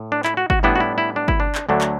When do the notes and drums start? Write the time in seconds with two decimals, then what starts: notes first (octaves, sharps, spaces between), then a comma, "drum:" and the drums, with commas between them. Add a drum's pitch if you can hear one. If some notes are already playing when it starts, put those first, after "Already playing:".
Already playing: A2
0.12 D4
0.25 E4, drum: clap
0.37 F#4
0.50 F#4, drum: kick G1
0.63 A2 G3 B3 D4 E4
0.76 F#4
0.80 E4
0.98 E4
1.16 D4
1.28 E4, drum: kick G1
1.40 D4
1.55 drum: clap
1.69 D2 D3 F#3 A3 D4
1.81 drum: clap